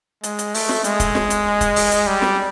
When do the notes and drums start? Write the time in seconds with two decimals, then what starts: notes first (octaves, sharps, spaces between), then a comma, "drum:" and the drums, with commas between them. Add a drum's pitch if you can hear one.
0.23 G#3, drum: hi-hat
0.39 drum: hi-hat
0.54 A3, drum: open hi-hat
0.69 drum: snare
0.84 G#3, drum: hi-hat
1.00 drum: kick, hi-hat
1.15 drum: snare
1.30 drum: hi-hat
1.61 drum: kick, hi-hat
1.76 drum: open hi-hat
1.91 drum: hi-hat
2.07 G3
2.22 drum: snare